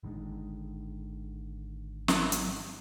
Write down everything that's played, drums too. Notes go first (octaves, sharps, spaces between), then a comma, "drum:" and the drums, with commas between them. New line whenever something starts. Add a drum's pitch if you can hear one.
G#1 D3 D#3 G#3
drum: snare
drum: hi-hat